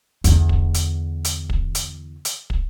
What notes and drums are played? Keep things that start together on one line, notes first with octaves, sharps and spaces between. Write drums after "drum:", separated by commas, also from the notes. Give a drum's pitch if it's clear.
E2 D3, drum: hi-hat
drum: kick
drum: hi-hat
drum: hi-hat
drum: kick
drum: hi-hat
drum: hi-hat
drum: kick